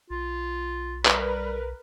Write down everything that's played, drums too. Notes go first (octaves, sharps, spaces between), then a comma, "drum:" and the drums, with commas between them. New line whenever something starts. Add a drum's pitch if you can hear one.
B1 F4
G3 A#4 B4, drum: clap